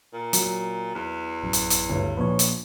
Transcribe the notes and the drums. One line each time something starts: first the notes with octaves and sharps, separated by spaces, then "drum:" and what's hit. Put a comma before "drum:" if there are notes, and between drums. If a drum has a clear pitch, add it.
A#2
F#3, drum: hi-hat
E2
A1 F#2
drum: hi-hat
drum: hi-hat
D2 G2 C#5
A#1 A#2 F3 B4 C#5
drum: hi-hat